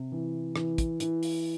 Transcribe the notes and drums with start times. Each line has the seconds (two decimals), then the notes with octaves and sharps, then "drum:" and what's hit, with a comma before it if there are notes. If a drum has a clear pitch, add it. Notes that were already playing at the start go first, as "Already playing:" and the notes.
Already playing: C3
0.12 E3
0.56 E3, drum: rim click
0.78 drum: kick, hi-hat
1.00 E3, drum: hi-hat
1.23 drum: open hi-hat